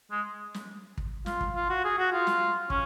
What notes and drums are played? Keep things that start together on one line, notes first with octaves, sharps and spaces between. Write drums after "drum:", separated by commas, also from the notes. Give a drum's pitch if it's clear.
G#3
drum: snare
drum: kick
F4, drum: snare
drum: kick
F4
F#4
G#4
F#4
F4
drum: snare
C#4, drum: kick